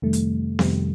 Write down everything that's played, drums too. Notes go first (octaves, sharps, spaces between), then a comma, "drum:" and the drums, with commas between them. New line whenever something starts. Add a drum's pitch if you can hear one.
F2 C3 D#3 G3 A3
drum: hi-hat
F2 C3 D#3 G3, drum: snare B3